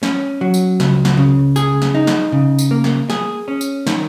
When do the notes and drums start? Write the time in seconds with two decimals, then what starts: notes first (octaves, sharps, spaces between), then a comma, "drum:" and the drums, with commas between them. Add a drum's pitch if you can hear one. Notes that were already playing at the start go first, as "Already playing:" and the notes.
0.03 C#4, drum: snare
0.41 F#3
0.54 drum: tambourine
0.80 C#2, drum: snare
1.05 drum: snare
1.17 C#3
1.56 G#4, drum: tambourine
1.82 drum: snare
1.95 D#4
2.07 drum: snare
2.32 C#3
2.59 drum: tambourine
2.71 A#3
2.84 drum: snare
3.10 G#4, drum: snare
3.48 C#4
3.61 drum: tambourine
3.87 D#3, drum: snare